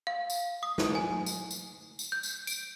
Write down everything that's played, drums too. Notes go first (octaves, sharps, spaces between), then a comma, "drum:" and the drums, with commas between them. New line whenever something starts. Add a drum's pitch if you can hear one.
F5
drum: tambourine
D#6
drum: snare
G#5
drum: tambourine
drum: tambourine
drum: tambourine
G6
drum: tambourine
D7, drum: tambourine